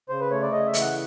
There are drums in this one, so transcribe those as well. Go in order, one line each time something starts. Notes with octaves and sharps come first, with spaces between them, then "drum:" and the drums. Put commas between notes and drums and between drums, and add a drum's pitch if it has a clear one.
C#3 C5
B4
A3 C#5
D5
C#3 D#5
E5
E3, drum: hi-hat
F#5